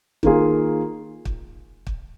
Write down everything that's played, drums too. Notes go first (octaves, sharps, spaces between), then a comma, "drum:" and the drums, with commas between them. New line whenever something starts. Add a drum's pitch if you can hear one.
D#3 A#3 F4 G#4, drum: kick
drum: kick
drum: kick